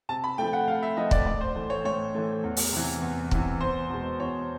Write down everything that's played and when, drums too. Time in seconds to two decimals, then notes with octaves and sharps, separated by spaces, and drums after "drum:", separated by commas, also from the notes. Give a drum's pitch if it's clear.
0.09 C3 A5
0.24 B5
0.38 F3 A3 G5
0.53 F#5
0.67 C3 F5
0.83 E5
0.97 F3 A3 D#5
1.11 D5, drum: kick
1.26 A2 D5
1.41 C5
1.55 E3 A3
1.70 C#5
1.85 A2 C#5
2.14 E3 A3
2.44 E2
2.57 drum: open hi-hat
2.72 C3 E3
3.02 E2
3.31 C3 E3, drum: kick
3.61 E2 C5
3.90 B2 G#3
4.20 E2 C#5